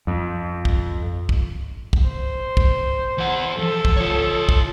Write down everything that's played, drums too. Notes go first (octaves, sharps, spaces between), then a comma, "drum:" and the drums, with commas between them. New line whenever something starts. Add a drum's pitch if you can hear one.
F2
drum: kick
drum: kick
drum: kick
C5
drum: kick
E3 F#5
F3 A4
drum: kick
F4 C#5
drum: kick